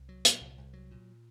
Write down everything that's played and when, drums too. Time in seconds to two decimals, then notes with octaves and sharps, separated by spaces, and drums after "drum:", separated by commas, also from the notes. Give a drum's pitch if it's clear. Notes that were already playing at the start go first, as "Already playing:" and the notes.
Already playing: C2
0.09 F#3
0.25 A#2, drum: hi-hat
0.41 C2
0.58 C2
0.73 F#3
0.91 A#2